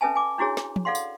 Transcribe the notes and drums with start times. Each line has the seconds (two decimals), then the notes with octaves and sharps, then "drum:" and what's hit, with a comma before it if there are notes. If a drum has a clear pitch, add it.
0.01 C#4 A4 B4 E5 G#5 A5
0.15 G#5 D6
0.38 D4 E4 F#4 G#4 C#5
0.57 drum: snare
0.76 drum: tom
0.85 A4 D5 F5 F#5 C6
0.95 drum: tambourine